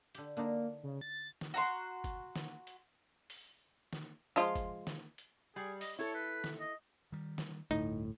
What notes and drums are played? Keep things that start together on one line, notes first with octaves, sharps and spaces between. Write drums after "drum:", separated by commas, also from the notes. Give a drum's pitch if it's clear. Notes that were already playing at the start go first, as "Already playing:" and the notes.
D3 G4, drum: hi-hat
D3 A#3 D4 D#4
C#3
A6
drum: snare
F#4 A#5 C6
drum: kick G1, hi-hat
drum: snare
drum: hi-hat
drum: open hi-hat
drum: snare
F3 G#3 F4
drum: kick G1, hi-hat
drum: snare
drum: hi-hat
G3 G#4
D#5, drum: open hi-hat
E4 A4 C#5
B4
drum: snare
D#5
D#3 G3
drum: snare
G1 D2 A2 D#4, drum: hi-hat